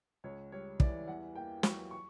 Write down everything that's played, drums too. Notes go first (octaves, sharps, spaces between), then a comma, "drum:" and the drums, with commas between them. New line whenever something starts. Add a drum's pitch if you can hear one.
C#2 C#5
G3 C#5
E3 D5, drum: kick
E2 F#5
A#3 G5
F#3 C#6, drum: snare
C#6